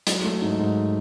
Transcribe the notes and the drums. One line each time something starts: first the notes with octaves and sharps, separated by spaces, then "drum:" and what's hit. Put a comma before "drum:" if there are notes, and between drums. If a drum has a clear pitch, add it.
F#3, drum: hi-hat
A3
G#2
G#2